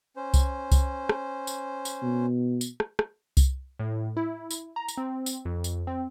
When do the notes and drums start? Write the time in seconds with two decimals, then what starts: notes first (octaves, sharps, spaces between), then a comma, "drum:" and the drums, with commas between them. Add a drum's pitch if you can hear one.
0.16 C#4 C5
0.34 drum: kick C2, tambourine
0.72 drum: kick C2, tambourine
1.09 drum: rim click
1.47 drum: tambourine
1.85 drum: tambourine
2.02 B2
2.61 drum: tambourine
2.80 drum: rim click
2.99 drum: rim click
3.37 drum: kick C2, tambourine
3.79 A2
4.17 E4
4.51 drum: tambourine
4.76 A#5
4.88 drum: tambourine
4.97 C4
5.26 drum: tambourine
5.45 F2
5.64 drum: tambourine
5.87 C4